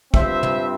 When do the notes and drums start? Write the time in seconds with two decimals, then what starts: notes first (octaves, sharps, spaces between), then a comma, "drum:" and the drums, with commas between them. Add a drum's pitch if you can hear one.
0.14 G2 F3 C4 C5 E5, drum: kick
0.43 drum: tom